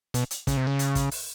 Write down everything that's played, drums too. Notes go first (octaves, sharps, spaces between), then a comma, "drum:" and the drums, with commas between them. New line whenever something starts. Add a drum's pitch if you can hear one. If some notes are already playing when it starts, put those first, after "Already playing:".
B2, drum: hi-hat
drum: hi-hat
C#3, drum: kick, hi-hat
C3
C#3
drum: hi-hat
drum: kick, hi-hat
drum: open hi-hat